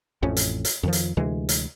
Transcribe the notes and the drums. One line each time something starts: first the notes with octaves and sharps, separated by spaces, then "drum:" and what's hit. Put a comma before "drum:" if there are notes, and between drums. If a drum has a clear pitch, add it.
A1 F2 A2 C#4
drum: hi-hat
drum: hi-hat
F2 D#3 F3
drum: hi-hat
D2 C3 E3 G#3
drum: hi-hat